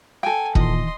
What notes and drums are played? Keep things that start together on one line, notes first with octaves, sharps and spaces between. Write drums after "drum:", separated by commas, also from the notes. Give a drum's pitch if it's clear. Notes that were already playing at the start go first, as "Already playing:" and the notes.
A4 G5 G#5
A#2 D#3 E3 D#5 C6, drum: kick